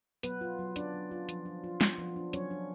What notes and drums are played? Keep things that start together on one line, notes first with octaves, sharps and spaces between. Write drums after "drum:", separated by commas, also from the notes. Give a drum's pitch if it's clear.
F#3 B3 B4, drum: hi-hat
F4
F#3
C#4 D4 D5, drum: hi-hat
F#3
F4
F3, drum: hi-hat
D4
F4
B3, drum: snare
F3
D4
F#3 C#4 C#5, drum: hi-hat
D4